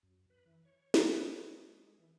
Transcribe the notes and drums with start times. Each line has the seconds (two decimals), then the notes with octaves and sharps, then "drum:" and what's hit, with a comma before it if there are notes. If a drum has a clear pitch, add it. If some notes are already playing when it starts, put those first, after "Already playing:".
0.03 F#2
0.30 B4
0.46 E3
0.65 C#5
0.94 E3, drum: snare
1.14 A5
1.38 B4
1.50 G#3
1.72 G#3
1.99 E3